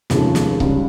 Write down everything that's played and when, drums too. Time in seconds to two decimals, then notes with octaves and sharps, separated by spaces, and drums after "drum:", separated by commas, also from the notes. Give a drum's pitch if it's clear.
0.10 F1 D#2 C#3 F3 G#3, drum: snare
0.35 drum: snare
0.60 C#2 C#3 G3, drum: kick C#1